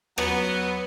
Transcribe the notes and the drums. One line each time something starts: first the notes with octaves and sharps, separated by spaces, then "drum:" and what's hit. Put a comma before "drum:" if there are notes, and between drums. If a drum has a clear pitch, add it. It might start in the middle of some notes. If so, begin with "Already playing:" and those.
F#3 B3, drum: rim click